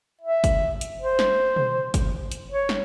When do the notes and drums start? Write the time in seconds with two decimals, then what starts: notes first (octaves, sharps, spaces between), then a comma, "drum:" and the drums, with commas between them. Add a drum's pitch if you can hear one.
0.21 E5
0.44 drum: kick, hi-hat
0.81 drum: hi-hat
1.01 C5
1.19 drum: snare
1.56 drum: tom
1.94 drum: kick, hi-hat
2.31 drum: hi-hat
2.50 C#5
2.69 drum: snare